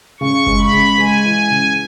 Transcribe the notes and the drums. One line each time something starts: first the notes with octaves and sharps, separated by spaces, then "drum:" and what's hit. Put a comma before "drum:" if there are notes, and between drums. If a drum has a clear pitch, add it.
C#3 C#6
G#3, drum: kick F#1
B5
C#3
G#3 G#5
E3
C#3